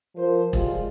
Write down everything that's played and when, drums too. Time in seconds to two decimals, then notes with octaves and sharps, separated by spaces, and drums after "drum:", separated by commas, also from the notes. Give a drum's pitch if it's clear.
0.16 F3 A#4 C5
0.53 G3 G#3 F4, drum: kick E1